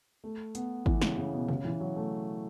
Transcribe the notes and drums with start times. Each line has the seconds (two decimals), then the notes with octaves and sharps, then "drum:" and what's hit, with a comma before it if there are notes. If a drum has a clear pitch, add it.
0.24 A3
0.55 B3, drum: hi-hat
0.86 E3, drum: kick
1.02 C#3, drum: snare
1.17 C#3
1.33 B2
1.49 C#3, drum: tom
1.65 E3
1.80 F#3
1.96 A3